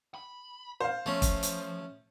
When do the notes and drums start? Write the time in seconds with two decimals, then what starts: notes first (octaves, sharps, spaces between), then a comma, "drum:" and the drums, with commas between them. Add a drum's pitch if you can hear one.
0.15 B5
0.80 C5 F5
1.06 F3 A3 C#4
1.22 drum: kick, hi-hat
1.43 drum: hi-hat